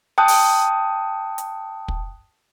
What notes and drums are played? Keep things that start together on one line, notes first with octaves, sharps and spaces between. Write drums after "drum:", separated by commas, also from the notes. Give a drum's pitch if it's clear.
G5 A5 D#6 F#6
drum: open hi-hat
drum: hi-hat
drum: kick